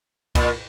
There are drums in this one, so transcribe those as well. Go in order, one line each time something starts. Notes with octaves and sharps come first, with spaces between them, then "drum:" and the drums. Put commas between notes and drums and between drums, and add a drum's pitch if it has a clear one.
A#2, drum: kick, cymbal